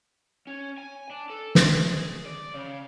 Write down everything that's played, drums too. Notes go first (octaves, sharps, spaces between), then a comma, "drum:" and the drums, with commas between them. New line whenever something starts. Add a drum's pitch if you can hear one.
C#4
G#5
D4
A4
G#3, drum: snare
G#4
D5
C#3